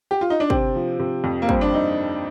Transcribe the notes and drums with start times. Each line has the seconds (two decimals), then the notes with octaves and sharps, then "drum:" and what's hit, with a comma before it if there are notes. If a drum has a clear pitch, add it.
0.11 G4
0.21 F4
0.30 D#4
0.40 D4
0.50 C3 C4, drum: kick
0.75 F3
1.00 C3
1.24 F2
1.42 A#3
1.49 G2 C4, drum: kick
1.61 D4
1.74 D#4